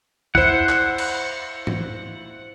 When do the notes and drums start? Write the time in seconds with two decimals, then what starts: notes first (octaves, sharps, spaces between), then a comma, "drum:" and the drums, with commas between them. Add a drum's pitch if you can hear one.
0.35 E4 C5 F#5, drum: kick D2
0.69 drum: clap
0.98 drum: cymbal
1.67 drum: tom G#2